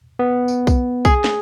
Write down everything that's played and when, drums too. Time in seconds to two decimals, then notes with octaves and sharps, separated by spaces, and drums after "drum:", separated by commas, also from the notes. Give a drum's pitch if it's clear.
0.19 B3
0.48 drum: tambourine
0.67 drum: kick B1, tambourine
1.05 G#4, drum: kick B1, tambourine
1.24 drum: snare